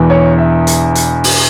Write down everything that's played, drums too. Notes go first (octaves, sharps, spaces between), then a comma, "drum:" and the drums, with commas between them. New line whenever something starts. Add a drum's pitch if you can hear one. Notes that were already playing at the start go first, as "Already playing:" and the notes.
Already playing: E1 E2 E3
C#5
E5
drum: hi-hat
drum: hi-hat
drum: open hi-hat